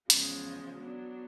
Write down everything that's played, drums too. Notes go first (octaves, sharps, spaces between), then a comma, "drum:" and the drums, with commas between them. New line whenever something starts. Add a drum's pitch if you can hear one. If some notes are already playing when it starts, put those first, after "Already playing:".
E2 C#3 F3 G#3, drum: hi-hat
F#3 B3 D4